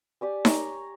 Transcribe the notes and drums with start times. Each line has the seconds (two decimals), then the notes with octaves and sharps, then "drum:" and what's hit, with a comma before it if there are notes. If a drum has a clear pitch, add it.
0.21 G4 D5 G#5
0.45 C#5 A#5, drum: snare D#4